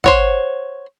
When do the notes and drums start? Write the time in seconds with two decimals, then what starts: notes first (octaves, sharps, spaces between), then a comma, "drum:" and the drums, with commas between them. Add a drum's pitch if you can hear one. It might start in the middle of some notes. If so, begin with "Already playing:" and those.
0.04 C5 C#5 F#5, drum: kick